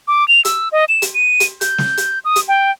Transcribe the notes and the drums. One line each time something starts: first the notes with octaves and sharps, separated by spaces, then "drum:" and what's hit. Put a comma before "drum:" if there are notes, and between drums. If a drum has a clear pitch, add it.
D6
F7
E6, drum: hi-hat
D#5
E7
drum: hi-hat
D#7
drum: hi-hat
G6, drum: hi-hat
drum: snare
drum: hi-hat
D#6
drum: hi-hat
G5